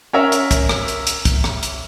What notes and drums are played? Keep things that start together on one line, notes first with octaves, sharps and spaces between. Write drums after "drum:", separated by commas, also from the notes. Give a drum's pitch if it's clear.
C#4 A#4 E5
drum: hi-hat
drum: kick, hi-hat
drum: rim click
drum: hi-hat
drum: hi-hat
drum: kick, hi-hat
drum: rim click
drum: hi-hat